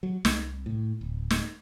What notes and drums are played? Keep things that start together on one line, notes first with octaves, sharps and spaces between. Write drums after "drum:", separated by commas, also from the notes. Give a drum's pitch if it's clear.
F#3
C2, drum: snare
A2
D1
drum: snare